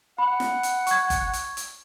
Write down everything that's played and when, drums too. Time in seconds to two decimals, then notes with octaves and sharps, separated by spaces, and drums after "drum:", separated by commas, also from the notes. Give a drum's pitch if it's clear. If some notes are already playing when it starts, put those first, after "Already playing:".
0.18 F#5 B5
0.40 drum: snare
0.63 drum: hi-hat
0.87 C#6 G#6, drum: hi-hat
1.10 drum: kick G1, hi-hat
1.33 drum: hi-hat
1.57 drum: hi-hat